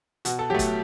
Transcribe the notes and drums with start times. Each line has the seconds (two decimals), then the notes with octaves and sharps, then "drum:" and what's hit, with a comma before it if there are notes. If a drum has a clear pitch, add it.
0.25 B2 F#4, drum: hi-hat
0.39 A4
0.50 F#3 A3 G4
0.59 drum: kick, hi-hat